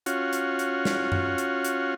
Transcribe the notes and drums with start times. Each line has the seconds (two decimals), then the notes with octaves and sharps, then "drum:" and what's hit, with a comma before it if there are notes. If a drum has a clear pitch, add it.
0.06 C#4 F4 F#4, drum: hi-hat
0.33 drum: hi-hat
0.59 drum: hi-hat
0.85 drum: snare
1.12 drum: tom F#2
1.38 drum: hi-hat
1.64 drum: hi-hat